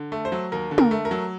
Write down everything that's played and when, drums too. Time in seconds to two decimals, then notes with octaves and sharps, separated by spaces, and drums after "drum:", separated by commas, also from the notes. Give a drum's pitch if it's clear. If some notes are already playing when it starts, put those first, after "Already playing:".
Already playing: D3
0.12 A3
0.25 C5
0.32 F#3
0.52 D#2 A#4
0.71 D3
0.78 A#4, drum: tom
0.91 A3
1.05 A#4
1.11 F#3